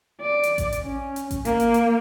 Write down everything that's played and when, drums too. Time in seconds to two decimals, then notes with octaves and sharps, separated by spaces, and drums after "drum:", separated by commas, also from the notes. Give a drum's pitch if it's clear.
0.21 D5
0.43 drum: hi-hat
0.58 drum: kick A1, hi-hat
0.72 drum: hi-hat
0.82 C#4
1.16 drum: hi-hat
1.31 drum: kick A1, hi-hat
1.45 A#3, drum: hi-hat
1.60 drum: hi-hat
1.74 drum: hi-hat